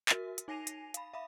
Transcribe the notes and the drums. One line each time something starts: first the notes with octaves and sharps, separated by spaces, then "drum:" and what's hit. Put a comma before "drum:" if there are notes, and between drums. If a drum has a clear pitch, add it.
F#4 A#4 E5, drum: clap
drum: hi-hat
D#4 G#5 A#6 C7 D#7 F7
drum: hi-hat
F5 B5, drum: hi-hat
E5 F5 B5